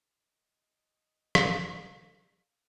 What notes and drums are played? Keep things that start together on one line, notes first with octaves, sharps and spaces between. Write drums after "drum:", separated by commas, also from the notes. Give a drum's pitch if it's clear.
D#5
drum: rim click
F5